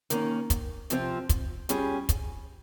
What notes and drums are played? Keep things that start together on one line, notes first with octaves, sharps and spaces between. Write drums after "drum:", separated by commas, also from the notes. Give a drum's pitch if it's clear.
D#3 A#3 C#4, drum: hi-hat
drum: kick, hi-hat
C3 F3 C4 F4, drum: hi-hat
drum: kick, hi-hat
G3 C#4 F4 G#4, drum: hi-hat
drum: kick, hi-hat